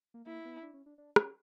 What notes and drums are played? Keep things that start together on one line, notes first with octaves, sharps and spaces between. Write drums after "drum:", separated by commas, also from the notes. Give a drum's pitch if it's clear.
A#3
A#3 E4
B3
D4
C#4
D4
D4
C#4, drum: rim click